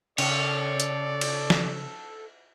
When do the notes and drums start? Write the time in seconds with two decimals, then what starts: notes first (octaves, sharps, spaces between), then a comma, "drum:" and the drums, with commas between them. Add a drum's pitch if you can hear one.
0.18 C#3 A4 C#5 D5, drum: cymbal
0.80 drum: hi-hat
1.21 drum: cymbal
1.50 drum: snare